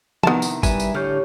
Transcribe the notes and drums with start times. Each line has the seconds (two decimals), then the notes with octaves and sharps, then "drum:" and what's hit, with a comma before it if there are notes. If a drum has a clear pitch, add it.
0.23 C3 D#3 B3 E4 A5, drum: tom F3
0.42 drum: tambourine
0.63 G3 B4 E5 G#5, drum: kick G#1, tambourine
0.80 drum: tambourine
0.94 A2 D3 G4 C#5 C#6 F6 G6